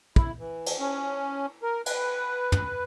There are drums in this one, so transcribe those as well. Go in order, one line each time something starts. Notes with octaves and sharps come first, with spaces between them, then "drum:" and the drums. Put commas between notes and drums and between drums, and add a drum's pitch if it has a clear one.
E4, drum: kick
E3
drum: cymbal
C#4
A#4
B4, drum: cymbal
drum: tom